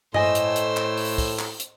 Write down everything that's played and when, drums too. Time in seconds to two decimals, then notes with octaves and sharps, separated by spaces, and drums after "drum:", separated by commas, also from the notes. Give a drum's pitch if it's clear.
0.14 A2 C5 D#5 G#5 E6, drum: tom G2
0.35 drum: hi-hat
0.56 drum: hi-hat
0.77 drum: clap
0.97 drum: open hi-hat
1.18 drum: kick, open hi-hat
1.39 drum: clap
1.60 drum: hi-hat